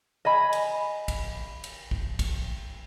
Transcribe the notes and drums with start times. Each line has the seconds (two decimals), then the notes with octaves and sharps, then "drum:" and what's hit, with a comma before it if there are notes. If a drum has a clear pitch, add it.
0.25 D#5 G#5 B5
0.53 drum: cymbal
1.08 drum: kick A#1, cymbal
1.64 drum: cymbal
1.91 drum: kick A#1
2.19 drum: kick A#1, cymbal